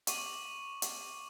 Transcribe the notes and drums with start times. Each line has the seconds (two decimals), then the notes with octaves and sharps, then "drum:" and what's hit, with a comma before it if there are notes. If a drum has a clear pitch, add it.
0.07 C#6 D6 D#7 F#7, drum: hi-hat
0.82 drum: hi-hat